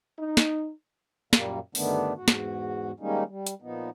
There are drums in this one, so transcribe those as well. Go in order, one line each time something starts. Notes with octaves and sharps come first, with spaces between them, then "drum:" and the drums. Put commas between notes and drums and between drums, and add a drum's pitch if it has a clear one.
D#4
drum: snare
F#2 A#2 G3 A#3, drum: snare
G2 D3 D#3 A3 B3 D4, drum: open hi-hat
E2 G#2 F#4
drum: snare
D#3 G3 G#3 A#3 C#4 D#4
G3
drum: hi-hat
A#2 F3 B3 D#4